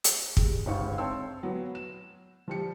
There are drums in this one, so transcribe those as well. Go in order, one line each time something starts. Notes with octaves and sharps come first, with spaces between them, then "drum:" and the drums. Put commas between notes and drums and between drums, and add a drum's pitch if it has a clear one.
drum: hi-hat
G3 G#3, drum: kick
G1 C#2 D#4 C5 F5 C#6
C4 C#5 G5 A5 C6 E6
F#3 B3
E7
F3 G3 C#7